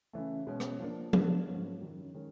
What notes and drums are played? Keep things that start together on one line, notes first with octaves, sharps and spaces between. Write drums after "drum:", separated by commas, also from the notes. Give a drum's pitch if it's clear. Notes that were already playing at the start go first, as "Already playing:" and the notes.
C#3 E3 A3
B2 G#3 C#4
drum: rim click
F3 A#3 D4
D3 G3 B3 D4 F#4, drum: tom F3
G#2 F3 A#3 C#4
F#2 D#3 F#3
D#3 G#3 C#4